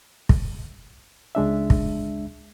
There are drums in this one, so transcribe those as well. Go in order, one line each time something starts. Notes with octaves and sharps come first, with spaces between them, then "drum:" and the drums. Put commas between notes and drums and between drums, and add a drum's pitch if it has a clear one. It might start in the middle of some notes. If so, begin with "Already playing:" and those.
drum: kick
C#2 G#3 D4 E5
drum: kick